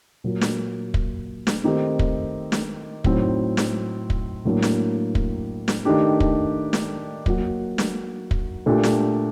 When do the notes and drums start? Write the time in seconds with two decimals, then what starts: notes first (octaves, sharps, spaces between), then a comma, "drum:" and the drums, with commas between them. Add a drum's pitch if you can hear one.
0.24 A#2 F#3 A#3
0.41 drum: snare
0.94 drum: kick
1.47 drum: snare
1.64 D#3 A3 C4 D#4 G4
1.99 drum: kick
2.52 drum: snare
3.04 A2 F#3 C4 D#4, drum: kick
3.57 drum: snare
4.10 drum: kick
4.45 A2 F#3 A#3 D4
4.62 drum: snare
5.15 drum: kick
5.68 drum: snare
5.85 D#3 A3 D4 G4
6.20 drum: kick
6.73 drum: snare
7.26 F#3 A#3 F#4, drum: kick
7.78 drum: snare
8.31 drum: kick
8.66 A#2 A3 D4 G4
8.83 drum: snare